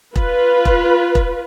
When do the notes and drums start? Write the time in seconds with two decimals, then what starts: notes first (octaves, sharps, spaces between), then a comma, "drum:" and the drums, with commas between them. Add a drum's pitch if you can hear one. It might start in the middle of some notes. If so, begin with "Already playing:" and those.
0.16 F4 B4, drum: kick E1
0.65 drum: kick E1
1.15 drum: kick E1